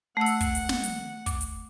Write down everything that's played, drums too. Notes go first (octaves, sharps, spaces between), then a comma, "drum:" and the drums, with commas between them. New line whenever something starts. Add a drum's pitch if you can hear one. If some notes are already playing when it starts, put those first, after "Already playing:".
A3 F#5 E6
drum: hi-hat
drum: kick, hi-hat
drum: hi-hat
drum: snare
drum: hi-hat
D6, drum: kick, hi-hat
drum: hi-hat